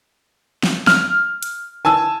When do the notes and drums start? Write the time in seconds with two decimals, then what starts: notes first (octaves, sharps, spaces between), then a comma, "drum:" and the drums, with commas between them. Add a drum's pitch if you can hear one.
0.63 drum: snare
0.87 F6, drum: snare
1.43 drum: hi-hat
1.85 G#5 A5 E6